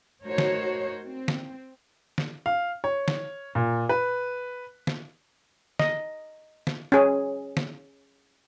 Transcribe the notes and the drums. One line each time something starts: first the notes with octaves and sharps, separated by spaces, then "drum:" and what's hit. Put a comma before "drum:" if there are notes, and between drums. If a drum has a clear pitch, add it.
A3 D#4 F#4 A#4 C5 C#5
drum: snare
C4
drum: snare
drum: snare
F5
C#5
drum: snare
A#2
B4
drum: snare
D#5, drum: snare
drum: snare
C#4 G#4
drum: snare